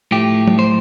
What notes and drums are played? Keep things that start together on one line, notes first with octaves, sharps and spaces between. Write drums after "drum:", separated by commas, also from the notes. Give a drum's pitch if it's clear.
A2 F3 A3 G4
drum: tom
C5